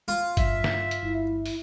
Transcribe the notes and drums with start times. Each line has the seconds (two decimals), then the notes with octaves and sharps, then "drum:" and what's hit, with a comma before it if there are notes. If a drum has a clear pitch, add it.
0.08 F4
0.37 G2 F#3 E5, drum: kick G1, hi-hat
0.64 drum: snare
0.91 drum: hi-hat
1.03 G1 E4
1.46 drum: open hi-hat